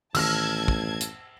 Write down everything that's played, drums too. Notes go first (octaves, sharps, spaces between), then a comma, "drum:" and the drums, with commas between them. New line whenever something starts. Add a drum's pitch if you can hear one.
A1 D#3 A3 A5 E6 F6 G#6 A#6, drum: cymbal
drum: kick
drum: hi-hat